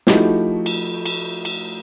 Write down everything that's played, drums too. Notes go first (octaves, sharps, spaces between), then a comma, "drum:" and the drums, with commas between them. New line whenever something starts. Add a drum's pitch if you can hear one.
F3 A3 D#4 E4 F#4 G4, drum: snare
drum: cymbal
drum: cymbal
drum: cymbal